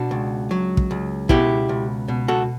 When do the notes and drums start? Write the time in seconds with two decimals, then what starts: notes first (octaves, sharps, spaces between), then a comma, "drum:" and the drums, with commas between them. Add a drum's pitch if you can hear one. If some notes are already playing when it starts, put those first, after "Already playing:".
Already playing: B2 D4 F#4
0.11 C#2
0.51 F#3
0.77 drum: kick
0.91 C#2
1.29 B2 E4 G4, drum: kick
1.69 C#2
2.08 B2
2.28 F#4 A4